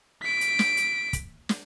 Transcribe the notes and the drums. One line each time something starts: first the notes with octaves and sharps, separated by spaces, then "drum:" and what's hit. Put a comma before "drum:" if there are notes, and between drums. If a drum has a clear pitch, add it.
B6 D7
drum: hi-hat
drum: snare
drum: hi-hat
drum: kick, hi-hat
drum: snare